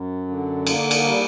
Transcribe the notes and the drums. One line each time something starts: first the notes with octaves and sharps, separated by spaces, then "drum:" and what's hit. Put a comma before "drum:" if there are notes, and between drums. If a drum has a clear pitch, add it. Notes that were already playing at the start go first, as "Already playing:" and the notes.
Already playing: F#2
D3
A#3, drum: cymbal
drum: cymbal
G3